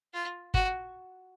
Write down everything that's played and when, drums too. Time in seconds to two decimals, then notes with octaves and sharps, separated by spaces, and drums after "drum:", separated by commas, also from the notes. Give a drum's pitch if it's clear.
0.13 F4
0.54 F#4, drum: kick G1